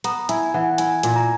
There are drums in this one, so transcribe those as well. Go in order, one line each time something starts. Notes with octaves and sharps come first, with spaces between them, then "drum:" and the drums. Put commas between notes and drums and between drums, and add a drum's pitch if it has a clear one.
B3 A#5, drum: hi-hat
E4 G#5, drum: hi-hat
E3 F#5
E4 G#5, drum: hi-hat
A#2 G#5, drum: hi-hat
A#5